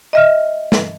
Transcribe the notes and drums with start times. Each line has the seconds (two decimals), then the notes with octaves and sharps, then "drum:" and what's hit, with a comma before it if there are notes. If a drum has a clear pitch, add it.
0.13 D#5 E5 F6
0.72 drum: snare